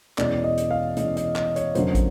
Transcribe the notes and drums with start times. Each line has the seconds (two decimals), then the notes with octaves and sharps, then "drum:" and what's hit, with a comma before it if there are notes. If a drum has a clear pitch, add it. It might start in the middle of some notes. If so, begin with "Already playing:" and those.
0.18 E2 B2 G#3 C#4 D5, drum: clap
0.44 D#5
0.57 drum: hi-hat
0.71 F5
0.96 E2 B2 G#3 C#4 D#5, drum: hi-hat
1.17 D#5, drum: hi-hat
1.36 D#5, drum: clap
1.56 C#5, drum: hi-hat
1.75 F2 D3 F#3 A#3 C#4 C5, drum: hi-hat
1.95 drum: kick, hi-hat